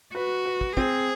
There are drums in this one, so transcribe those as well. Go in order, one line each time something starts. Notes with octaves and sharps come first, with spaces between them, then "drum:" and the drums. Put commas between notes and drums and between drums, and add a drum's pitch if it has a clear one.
F#4 B4
B4
drum: kick
C4 G#4, drum: kick